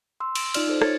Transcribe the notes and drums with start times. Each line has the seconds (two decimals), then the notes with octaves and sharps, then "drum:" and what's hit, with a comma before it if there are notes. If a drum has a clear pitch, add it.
0.20 C6 E6
0.35 E6 D7, drum: cymbal
0.54 D#4 F4 D5 F6, drum: cymbal
0.67 D#4 A4 C5
0.82 C#5 G#6 A6 C#7, drum: rim click